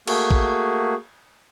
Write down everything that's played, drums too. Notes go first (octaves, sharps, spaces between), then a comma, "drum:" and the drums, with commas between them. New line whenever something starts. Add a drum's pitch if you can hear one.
A3 A#3 F#4 G#4, drum: cymbal
drum: kick